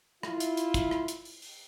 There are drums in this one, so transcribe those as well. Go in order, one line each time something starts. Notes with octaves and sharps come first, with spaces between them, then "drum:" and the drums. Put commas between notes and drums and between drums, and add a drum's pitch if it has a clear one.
E4 F4, drum: rim click
drum: hi-hat
drum: hi-hat
drum: kick, hi-hat
drum: rim click
drum: hi-hat
drum: open hi-hat
drum: open hi-hat